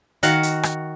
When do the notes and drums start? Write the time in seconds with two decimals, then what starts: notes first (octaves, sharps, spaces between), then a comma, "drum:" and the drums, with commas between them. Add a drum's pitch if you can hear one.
0.23 D#3 F#4 F5 F#5, drum: hi-hat
0.43 drum: hi-hat
0.63 drum: rim click